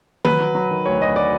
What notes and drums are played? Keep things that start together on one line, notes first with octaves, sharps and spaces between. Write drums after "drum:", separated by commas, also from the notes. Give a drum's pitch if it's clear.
F#3 B4, drum: tom D#3
F#3
F#3
D#3
D2 C#5
D2 D#5
F#3 D5